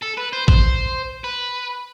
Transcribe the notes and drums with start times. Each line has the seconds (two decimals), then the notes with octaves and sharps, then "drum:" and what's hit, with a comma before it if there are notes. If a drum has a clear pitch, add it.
0.02 A4
0.17 B4
0.33 C5
0.48 C5, drum: kick
1.24 B4